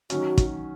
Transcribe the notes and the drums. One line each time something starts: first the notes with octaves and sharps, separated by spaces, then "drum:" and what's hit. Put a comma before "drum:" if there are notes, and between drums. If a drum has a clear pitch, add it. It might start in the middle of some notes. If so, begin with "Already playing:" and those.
D#3 F#3 C#4 F#4, drum: hi-hat
drum: kick, hi-hat